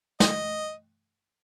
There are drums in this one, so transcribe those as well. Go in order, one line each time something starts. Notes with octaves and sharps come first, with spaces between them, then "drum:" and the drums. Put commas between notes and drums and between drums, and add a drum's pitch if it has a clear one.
D#5, drum: snare